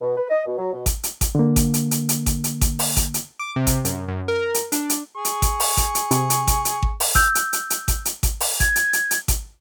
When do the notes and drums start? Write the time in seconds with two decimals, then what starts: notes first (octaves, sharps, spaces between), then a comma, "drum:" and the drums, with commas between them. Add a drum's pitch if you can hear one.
0.01 B2
0.17 B4
0.30 D#5
0.46 B2
0.58 F#3
0.73 B2
0.86 drum: kick G#1, hi-hat
1.03 drum: hi-hat
1.21 drum: kick G#1, hi-hat
1.35 D3 A#3
1.56 drum: kick G#1, hi-hat
1.74 drum: hi-hat
1.91 drum: hi-hat
2.09 drum: hi-hat
2.26 drum: kick G#1, hi-hat
2.44 drum: hi-hat
2.61 drum: kick G#1, hi-hat
2.79 drum: open hi-hat
2.96 drum: kick G#1, hi-hat
3.14 drum: hi-hat
3.39 D6
3.56 C3
3.67 drum: kick G#1, hi-hat
3.85 F#2, drum: hi-hat
4.08 F#2
4.28 A#4
4.54 drum: hi-hat
4.72 D4, drum: hi-hat
4.89 drum: hi-hat
5.16 G#4 C#6
5.25 drum: hi-hat
5.42 drum: kick G#1, hi-hat
5.60 drum: open hi-hat
5.77 drum: kick G#1, hi-hat
5.95 drum: hi-hat
6.11 C3, drum: hi-hat
6.30 drum: hi-hat
6.47 drum: kick G#1, hi-hat
6.65 drum: hi-hat
6.83 drum: kick G#1
7.00 drum: open hi-hat
7.15 E6 G6, drum: kick G#1, hi-hat
7.35 drum: hi-hat
7.53 drum: hi-hat
7.70 drum: hi-hat
7.88 drum: kick G#1, hi-hat
8.05 drum: hi-hat
8.23 drum: kick G#1, hi-hat
8.40 drum: open hi-hat
8.60 G#6, drum: kick G#1, hi-hat
8.76 drum: hi-hat
8.93 drum: hi-hat
9.11 drum: hi-hat
9.28 drum: kick G#1, hi-hat